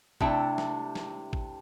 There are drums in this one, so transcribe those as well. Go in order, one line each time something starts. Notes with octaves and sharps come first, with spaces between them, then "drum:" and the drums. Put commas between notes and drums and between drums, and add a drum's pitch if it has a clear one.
C3 A3 D4 E4 E5 G5, drum: kick
drum: snare
drum: snare
drum: kick